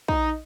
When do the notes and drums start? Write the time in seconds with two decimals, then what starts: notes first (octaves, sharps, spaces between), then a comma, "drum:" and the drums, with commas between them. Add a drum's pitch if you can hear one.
0.08 D#4, drum: kick